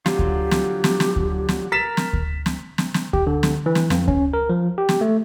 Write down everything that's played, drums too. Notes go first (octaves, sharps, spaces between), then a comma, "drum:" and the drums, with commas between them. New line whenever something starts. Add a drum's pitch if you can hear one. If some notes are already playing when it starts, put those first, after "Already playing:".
D3 F#3 F4 G4, drum: snare
drum: kick D2
drum: snare
drum: snare
drum: snare
drum: kick D2
drum: snare
A#4 A6 B6 E7
drum: snare
drum: kick D2
drum: snare
drum: snare
drum: snare
G4, drum: kick D2
D3
drum: snare
E3
drum: snare
F2, drum: snare
C#4, drum: kick D2
A#4
F3
G4
drum: snare
A3